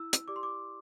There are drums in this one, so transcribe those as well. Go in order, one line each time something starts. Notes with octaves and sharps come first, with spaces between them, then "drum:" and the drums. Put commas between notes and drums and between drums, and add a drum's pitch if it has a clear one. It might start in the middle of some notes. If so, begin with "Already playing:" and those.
Already playing: E4 E6
drum: hi-hat
G4 D5 D6
C6
D6